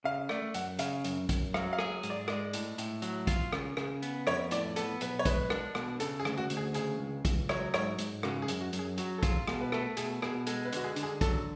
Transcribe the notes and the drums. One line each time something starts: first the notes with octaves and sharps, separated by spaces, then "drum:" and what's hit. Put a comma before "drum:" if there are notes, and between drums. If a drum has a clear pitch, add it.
C#3 F5
A3 D5, drum: rim click
F#2 F#5, drum: hi-hat
C#3 F5, drum: hi-hat
F#2, drum: hi-hat
F#2, drum: kick, hi-hat
F#3 F5, drum: rim click
F5
G#4, drum: rim click
G#2, drum: hi-hat
D5
G#3 D5, drum: rim click
A2, drum: hi-hat
A2, drum: hi-hat
F#3, drum: hi-hat
F4, drum: kick, hi-hat
C#3, drum: rim click
C#3 G#4, drum: rim click
B3, drum: hi-hat
F2 C#5, drum: rim click
A2 D5, drum: hi-hat
B3 A4, drum: hi-hat
B1 B4, drum: hi-hat
C#5
G#3 B4, drum: kick, hi-hat
D4, drum: rim click
B2, drum: rim click
C#3 A4, drum: hi-hat
G#4
D2, drum: rim click
F#4
D2, drum: hi-hat
G#4
C#3 G#4, drum: hi-hat
C#2
C#2, drum: kick, hi-hat
F#3 C#5, drum: rim click
G#2 C#5, drum: rim click
G#2, drum: hi-hat
C#3 F#4, drum: rim click
G#4
F#2, drum: hi-hat
F#4
F#2, drum: hi-hat
G#4
F#3 F#4, drum: hi-hat
A4
F4 G#4, drum: kick, hi-hat
B2 G#4, drum: rim click
B4
A3 A4, drum: rim click
B2 G#4, drum: hi-hat
B2 G#4, drum: rim click
G#3 A4, drum: hi-hat
B4
D3 F#4, drum: hi-hat
G#4
D3, drum: hi-hat
G#4
F#3 A4, drum: kick, hi-hat